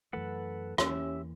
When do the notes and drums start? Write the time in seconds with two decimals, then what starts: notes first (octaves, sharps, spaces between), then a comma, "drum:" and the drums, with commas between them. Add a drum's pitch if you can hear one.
0.13 F#2 E3 A3 A4 B4 F#5
0.78 E2 E3 A#3 C#4 G4 E5 E6, drum: rim click